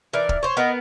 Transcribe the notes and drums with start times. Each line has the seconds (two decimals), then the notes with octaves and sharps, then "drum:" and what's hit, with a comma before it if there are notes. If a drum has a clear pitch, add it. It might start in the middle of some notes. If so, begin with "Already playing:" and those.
0.14 E3 A#4 D5
0.29 drum: kick
0.43 C5 C#5
0.57 B3 A#4 D#5